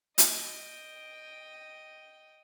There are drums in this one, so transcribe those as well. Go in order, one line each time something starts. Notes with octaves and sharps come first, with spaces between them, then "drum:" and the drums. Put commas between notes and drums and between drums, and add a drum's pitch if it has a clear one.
D#5 G5, drum: hi-hat